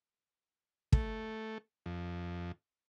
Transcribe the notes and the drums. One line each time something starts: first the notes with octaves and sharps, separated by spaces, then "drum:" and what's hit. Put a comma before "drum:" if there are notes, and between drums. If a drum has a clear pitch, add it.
A3, drum: kick
F2